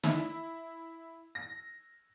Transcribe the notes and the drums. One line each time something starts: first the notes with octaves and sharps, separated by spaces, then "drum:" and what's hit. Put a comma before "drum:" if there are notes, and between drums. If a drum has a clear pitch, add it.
E4, drum: snare
A#6